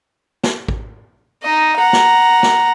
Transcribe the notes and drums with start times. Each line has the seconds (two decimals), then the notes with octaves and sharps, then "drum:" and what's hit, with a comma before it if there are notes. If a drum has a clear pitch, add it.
0.44 drum: snare
0.68 drum: kick
1.43 D#4 D#5
1.77 F#5 A#5
1.93 drum: snare
2.43 drum: snare